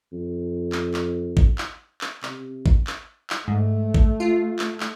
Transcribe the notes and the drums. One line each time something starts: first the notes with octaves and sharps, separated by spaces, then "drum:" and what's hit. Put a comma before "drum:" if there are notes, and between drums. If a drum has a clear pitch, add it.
F2
drum: clap
drum: clap
drum: kick G#1
drum: clap
drum: clap
C3, drum: clap
drum: kick G#1
drum: clap
drum: clap
G#2 A3
drum: kick G#1
F4
drum: clap
drum: clap